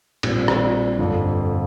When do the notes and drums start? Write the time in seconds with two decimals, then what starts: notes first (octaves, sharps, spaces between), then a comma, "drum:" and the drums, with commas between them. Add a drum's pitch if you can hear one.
0.23 A#1 A#2 G3 C4, drum: cymbal
0.48 drum: rim click
0.98 G1 F2 D3